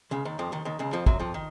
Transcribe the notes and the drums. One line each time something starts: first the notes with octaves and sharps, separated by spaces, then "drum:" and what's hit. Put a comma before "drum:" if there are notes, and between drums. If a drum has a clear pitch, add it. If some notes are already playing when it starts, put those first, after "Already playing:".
C#2 C#3
D#2 D#3
F2 F3
D#2 D#3
D#2 D#3
C#2 C#3
F2 F3
F#2 F#3, drum: kick
F2 F3
D#3